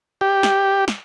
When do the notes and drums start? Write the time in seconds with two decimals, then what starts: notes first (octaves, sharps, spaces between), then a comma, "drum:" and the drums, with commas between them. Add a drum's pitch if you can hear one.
0.21 G4
0.43 drum: snare
0.88 drum: snare